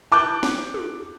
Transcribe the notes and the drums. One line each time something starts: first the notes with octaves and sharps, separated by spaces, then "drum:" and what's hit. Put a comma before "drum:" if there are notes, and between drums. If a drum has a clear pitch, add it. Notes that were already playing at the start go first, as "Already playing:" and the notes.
A5 D6 F#6 G6
drum: snare
drum: tom